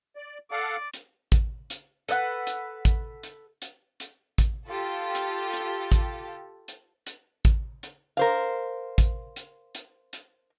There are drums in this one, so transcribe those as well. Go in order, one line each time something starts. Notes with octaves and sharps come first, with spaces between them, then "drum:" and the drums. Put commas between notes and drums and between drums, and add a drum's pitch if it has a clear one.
D5
A4 D5 F5 F#5
drum: hi-hat
drum: kick A1, hi-hat
drum: hi-hat
A4 B4 D#5 F#5, drum: hi-hat
drum: hi-hat
drum: kick A1, hi-hat
drum: hi-hat
drum: hi-hat
drum: hi-hat
drum: kick A1, hi-hat
F4 G4 A4
drum: hi-hat
drum: hi-hat
drum: kick A1, hi-hat
drum: hi-hat
drum: hi-hat
drum: kick A1, hi-hat
drum: hi-hat
A#4 C5 F5
drum: kick A1, hi-hat
drum: hi-hat
drum: hi-hat
drum: hi-hat